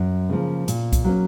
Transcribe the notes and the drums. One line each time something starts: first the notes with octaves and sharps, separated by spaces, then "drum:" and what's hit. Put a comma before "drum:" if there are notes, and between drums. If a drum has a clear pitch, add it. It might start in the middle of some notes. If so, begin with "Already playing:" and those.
Already playing: F#2
C#3 F3 A#3
A#2, drum: hi-hat
drum: kick B1, hi-hat
F#3 A#3 C#4